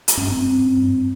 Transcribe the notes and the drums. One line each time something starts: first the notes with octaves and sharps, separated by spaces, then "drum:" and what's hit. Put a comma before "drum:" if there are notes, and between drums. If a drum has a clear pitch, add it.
drum: hi-hat
G2 C#4
C4
G2
G2